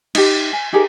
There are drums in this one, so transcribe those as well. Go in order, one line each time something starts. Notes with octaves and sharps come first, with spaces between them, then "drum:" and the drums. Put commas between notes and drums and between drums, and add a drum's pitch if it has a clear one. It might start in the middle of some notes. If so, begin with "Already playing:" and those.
D#4 G4, drum: cymbal
G#5
D#4 G4 G#4 A#4